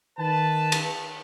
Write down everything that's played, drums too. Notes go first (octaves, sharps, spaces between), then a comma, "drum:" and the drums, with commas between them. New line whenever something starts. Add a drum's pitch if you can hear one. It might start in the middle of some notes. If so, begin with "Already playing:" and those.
D#3 B4 A5
drum: cymbal